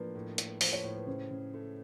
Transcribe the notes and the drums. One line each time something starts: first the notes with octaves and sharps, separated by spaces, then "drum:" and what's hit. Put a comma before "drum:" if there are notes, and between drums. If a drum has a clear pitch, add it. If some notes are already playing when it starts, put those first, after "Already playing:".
Already playing: A2 F3 A#3 D4 B4
A2
A2, drum: hi-hat
F3 C5, drum: open hi-hat
C#5
A2 C5
B4
C#3 C5
C#3
A3